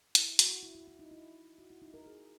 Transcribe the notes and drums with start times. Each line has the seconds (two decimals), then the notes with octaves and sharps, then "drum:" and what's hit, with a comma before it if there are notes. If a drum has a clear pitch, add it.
0.15 E4, drum: hi-hat
0.39 F#4, drum: hi-hat
0.63 E4
0.75 E4
0.87 E4
0.99 D#4
1.11 E4
1.58 F#4
1.70 E4
1.82 D#4
1.94 A#4
2.06 G#4